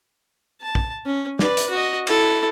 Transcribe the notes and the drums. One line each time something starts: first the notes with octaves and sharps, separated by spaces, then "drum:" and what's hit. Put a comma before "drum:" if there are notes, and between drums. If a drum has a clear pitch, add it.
A5
drum: kick
C#4
B4 D5, drum: snare
drum: hi-hat
F#4 D#5
E4 A4, drum: cymbal